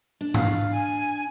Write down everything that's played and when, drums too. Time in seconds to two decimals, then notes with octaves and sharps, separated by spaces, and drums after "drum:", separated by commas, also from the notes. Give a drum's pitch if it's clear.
0.21 D4
0.34 F5, drum: tom G#2
0.72 G#5